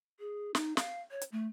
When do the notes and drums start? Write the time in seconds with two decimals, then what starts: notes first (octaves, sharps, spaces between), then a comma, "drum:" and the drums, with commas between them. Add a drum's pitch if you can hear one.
0.20 G#4
0.55 D#4, drum: snare
0.77 F5, drum: snare
1.11 C#5
1.21 drum: hi-hat
1.32 A3